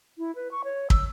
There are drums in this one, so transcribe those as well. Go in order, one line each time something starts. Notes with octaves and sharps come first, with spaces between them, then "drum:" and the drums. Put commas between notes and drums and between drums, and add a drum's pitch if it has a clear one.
E4
B4
C#6
C#5
E6, drum: kick